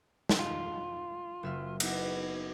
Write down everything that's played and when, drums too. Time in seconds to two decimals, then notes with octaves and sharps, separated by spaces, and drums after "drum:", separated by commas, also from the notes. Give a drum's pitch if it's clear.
0.29 drum: snare
0.39 F4
1.43 F#1 E5 F6
1.80 B3 D#4 E4, drum: cymbal